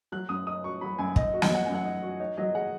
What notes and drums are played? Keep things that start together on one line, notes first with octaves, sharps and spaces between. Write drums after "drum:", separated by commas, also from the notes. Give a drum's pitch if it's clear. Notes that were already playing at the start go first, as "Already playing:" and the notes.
F#3 F#6
F#2 D#6
D#4 D#6
F#4 C#6
F#3 B5
F#2 G#5
D#4 D#5, drum: kick
F#4
D#5, drum: snare
F#3 F#5
F#2 G#5
F#5
D#4
F#4
D#4 C#5
F#3 D#5
G#4 F#5